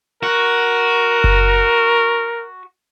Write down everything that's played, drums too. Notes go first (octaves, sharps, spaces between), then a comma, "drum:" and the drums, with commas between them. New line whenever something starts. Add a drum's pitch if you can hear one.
F#4 A#4
drum: kick F#1